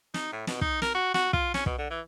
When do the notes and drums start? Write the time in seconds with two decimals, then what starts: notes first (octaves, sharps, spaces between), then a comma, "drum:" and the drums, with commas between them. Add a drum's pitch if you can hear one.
0.14 D#4, drum: snare
0.33 A2
0.47 B2, drum: snare
0.61 D#4, drum: kick
0.82 A#4, drum: snare
0.95 F#4
1.14 F#4, drum: snare
1.33 F4, drum: kick
1.54 C#4, drum: snare
1.66 B2, drum: kick
1.78 D3
1.90 E3